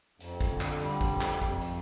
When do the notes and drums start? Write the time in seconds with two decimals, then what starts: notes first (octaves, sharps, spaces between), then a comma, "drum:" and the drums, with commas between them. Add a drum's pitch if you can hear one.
0.20 F2, drum: hi-hat
0.41 drum: kick, hi-hat
0.51 D3
0.61 drum: clap
0.81 G3, drum: hi-hat
1.01 drum: kick, hi-hat
1.11 F2
1.21 drum: clap
1.42 F2, drum: kick, hi-hat
1.61 drum: hi-hat